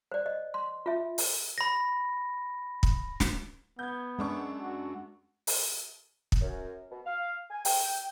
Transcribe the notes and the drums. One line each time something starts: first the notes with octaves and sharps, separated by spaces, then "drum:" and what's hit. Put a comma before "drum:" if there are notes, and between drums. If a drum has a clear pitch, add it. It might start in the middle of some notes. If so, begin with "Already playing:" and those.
C5 D5
D#5
C6
F4 E5
drum: open hi-hat
B5 A#6
drum: kick
drum: snare
B3 G6 G#6
F#2 G#3 D4 C#6
F#4
drum: open hi-hat
drum: kick
F#2
B2
F5
G#5
G5, drum: open hi-hat